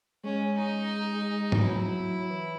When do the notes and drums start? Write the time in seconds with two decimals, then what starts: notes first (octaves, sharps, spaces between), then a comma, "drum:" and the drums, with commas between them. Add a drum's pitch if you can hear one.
0.24 G#3 C#4
0.58 D#4
1.52 E3, drum: tom G#2
1.61 F#3 E4
2.20 F#3
2.30 E3